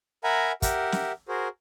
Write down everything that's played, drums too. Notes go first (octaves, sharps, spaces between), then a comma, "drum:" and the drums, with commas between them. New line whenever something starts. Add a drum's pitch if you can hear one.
A#4 E5 F#5 G#5 A#5 B5
G4 A#4 E5 F#5, drum: kick, hi-hat
drum: snare
F#4 G#4 A#4 C5